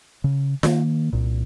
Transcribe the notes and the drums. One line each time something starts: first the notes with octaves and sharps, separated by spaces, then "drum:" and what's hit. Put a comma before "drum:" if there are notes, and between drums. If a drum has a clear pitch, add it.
C#3
D#3 A#3, drum: snare F4
C2 A#2